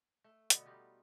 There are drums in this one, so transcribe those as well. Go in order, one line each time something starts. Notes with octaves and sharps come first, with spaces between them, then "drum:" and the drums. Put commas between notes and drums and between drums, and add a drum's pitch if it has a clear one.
A3
B2 D3 A3 B3, drum: hi-hat
G3 D#4 F4 G4